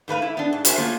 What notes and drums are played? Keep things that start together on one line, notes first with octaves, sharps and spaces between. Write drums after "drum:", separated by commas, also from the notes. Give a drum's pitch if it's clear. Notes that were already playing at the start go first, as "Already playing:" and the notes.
G#2 A3 B4 F5
E4
B3 D4
G#2
F#4 A#4 C5 D5 E5 G#5, drum: hi-hat
A3 A#3 C#4 F4 G#4